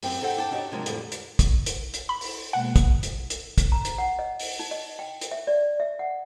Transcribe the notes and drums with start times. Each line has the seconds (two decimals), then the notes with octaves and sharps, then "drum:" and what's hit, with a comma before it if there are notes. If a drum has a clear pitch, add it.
0.03 F#2 C4 G4 G5, drum: open hi-hat
0.22 D#4 A4 C5 F#5 G5
0.37 D4 G5 A5
0.51 D4 D#4 F#4 G4 C#5 D#5
0.72 C3 F3 F#3 G#3 D4 A#4
0.86 F2 A2 D3 G3 D4, drum: hi-hat
1.12 drum: hi-hat
1.39 drum: kick, hi-hat
1.66 drum: hi-hat
1.94 drum: hi-hat
2.09 B5
2.21 drum: open hi-hat
2.53 B2 G#3 A#3 F#5
2.76 drum: kick, hi-hat
3.03 drum: hi-hat
3.30 drum: hi-hat
3.58 drum: kick, hi-hat
3.72 A#5
3.85 drum: hi-hat
3.98 F#5
4.19 D#5
4.40 drum: open hi-hat
4.59 D#4
4.71 D#5
4.99 G5
5.21 drum: hi-hat
5.31 E5
5.47 D5
5.80 E5
5.99 F#5